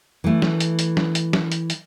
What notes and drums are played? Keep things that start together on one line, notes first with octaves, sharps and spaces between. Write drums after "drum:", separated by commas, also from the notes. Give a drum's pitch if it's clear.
E3 A3
drum: snare
drum: hi-hat
drum: hi-hat
drum: snare
drum: hi-hat
drum: snare
drum: hi-hat
drum: hi-hat